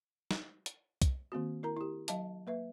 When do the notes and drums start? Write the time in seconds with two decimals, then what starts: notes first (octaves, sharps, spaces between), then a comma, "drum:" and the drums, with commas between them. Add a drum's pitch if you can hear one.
0.31 drum: snare
0.66 drum: hi-hat
1.02 drum: kick C2, hi-hat
1.32 D#3 A#3 C4 F#4
1.63 E4 A#4 A#5
1.77 E4 G4
2.08 F#3 D#5 F5 A5, drum: hi-hat
2.47 A#3 B4 E5